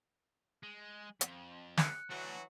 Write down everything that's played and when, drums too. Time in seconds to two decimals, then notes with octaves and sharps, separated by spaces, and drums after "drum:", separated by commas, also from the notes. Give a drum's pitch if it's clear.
0.63 G#3
1.21 F2, drum: hi-hat
1.77 F#6 C#7, drum: snare
2.10 E3 F#3 A3 D4 F#4